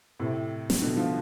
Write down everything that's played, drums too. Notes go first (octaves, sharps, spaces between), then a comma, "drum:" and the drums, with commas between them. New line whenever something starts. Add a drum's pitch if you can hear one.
A2 C3
drum: snare
B2 D3
D3 F3